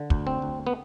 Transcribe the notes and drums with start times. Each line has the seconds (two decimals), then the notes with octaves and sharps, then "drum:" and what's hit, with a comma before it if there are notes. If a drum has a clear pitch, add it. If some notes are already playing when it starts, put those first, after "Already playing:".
Already playing: D3
0.10 D2, drum: kick
0.27 C4
0.42 D2
0.67 B3